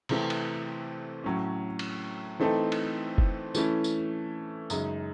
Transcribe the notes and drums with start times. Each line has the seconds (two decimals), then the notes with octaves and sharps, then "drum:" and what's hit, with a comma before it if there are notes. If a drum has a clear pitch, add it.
0.09 C3 E3 A3 C4, drum: cymbal
0.30 drum: cymbal
1.24 A2 F#3 C#4
1.79 drum: cymbal
2.40 E3 A3 C4 D#4 A4
2.72 drum: cymbal
3.18 drum: kick
3.55 E3 A3 C#4 E4, drum: tambourine
3.84 drum: tambourine
4.70 F#2 C#3 G#3 D#4, drum: tambourine